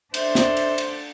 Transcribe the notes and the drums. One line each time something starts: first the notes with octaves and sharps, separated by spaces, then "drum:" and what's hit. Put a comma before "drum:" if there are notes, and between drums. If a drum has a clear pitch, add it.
D4 A4 C5 E5, drum: cymbal
drum: snare
drum: cymbal
drum: cymbal